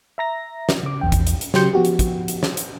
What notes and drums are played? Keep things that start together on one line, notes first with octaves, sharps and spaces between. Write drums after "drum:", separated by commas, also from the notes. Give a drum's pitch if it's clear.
E5 A#5 A#6
drum: snare
C#3 D6
A#1 E2 G5
drum: kick, hi-hat
drum: hi-hat
drum: hi-hat
C#3 F#3 G4 C6 G6 C#7, drum: snare
F3 B3 F#4 G4
drum: hi-hat
drum: kick, hi-hat
drum: hi-hat
drum: snare
drum: hi-hat